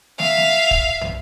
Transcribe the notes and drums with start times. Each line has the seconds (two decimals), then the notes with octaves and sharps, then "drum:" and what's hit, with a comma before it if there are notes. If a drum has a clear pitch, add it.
0.19 E5 F5, drum: snare
0.37 drum: snare
0.71 drum: kick
1.01 drum: tom